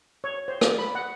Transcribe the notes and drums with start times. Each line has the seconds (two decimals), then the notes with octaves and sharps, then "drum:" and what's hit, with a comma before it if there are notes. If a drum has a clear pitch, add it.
0.24 C#5
0.48 C5
0.61 D5, drum: rim click
0.79 B5
0.95 F#5